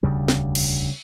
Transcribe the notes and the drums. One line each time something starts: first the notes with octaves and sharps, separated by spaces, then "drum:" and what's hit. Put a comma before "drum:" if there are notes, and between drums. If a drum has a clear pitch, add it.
E1 D2 C#3 G3
drum: snare
drum: cymbal